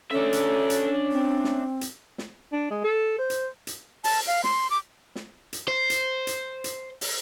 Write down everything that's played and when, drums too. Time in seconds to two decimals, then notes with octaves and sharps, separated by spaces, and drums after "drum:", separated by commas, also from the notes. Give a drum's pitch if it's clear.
0.11 C#4 D4 A4 E5
0.33 drum: hi-hat
0.70 drum: hi-hat
1.11 C4
1.44 drum: snare
1.81 drum: hi-hat
2.18 drum: snare
2.52 D4
2.71 G#3
2.84 A4
3.19 C5
3.30 drum: hi-hat
3.67 drum: hi-hat
4.04 A5, drum: open hi-hat
4.27 F5
4.44 C6, drum: snare
4.70 D6
5.15 drum: snare
5.53 drum: hi-hat
5.68 C5
5.90 drum: hi-hat
6.27 drum: hi-hat
6.64 drum: hi-hat
7.01 drum: open hi-hat